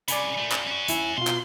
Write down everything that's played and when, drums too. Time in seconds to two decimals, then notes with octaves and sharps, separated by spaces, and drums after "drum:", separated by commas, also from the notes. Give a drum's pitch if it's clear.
0.08 C2 C#3 D5 G#5 B5, drum: hi-hat
0.37 A#2 A3
0.52 C4 A4, drum: clap
0.67 C#4 F#4
0.88 D#2 E4 G#5, drum: hi-hat
1.18 B2 F4 C6
1.27 drum: clap